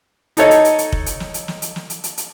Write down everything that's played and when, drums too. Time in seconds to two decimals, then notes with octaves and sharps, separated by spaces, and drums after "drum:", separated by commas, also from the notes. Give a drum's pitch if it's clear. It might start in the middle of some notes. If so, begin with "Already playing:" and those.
0.37 D#4 A4 C#5 D#5, drum: hi-hat
0.51 drum: hi-hat
0.65 drum: hi-hat
0.79 drum: hi-hat
0.92 drum: kick F1
1.06 drum: hi-hat
1.20 drum: snare
1.34 drum: hi-hat
1.48 drum: snare
1.62 drum: hi-hat
1.76 drum: snare
1.90 drum: hi-hat
2.04 drum: hi-hat
2.18 drum: hi-hat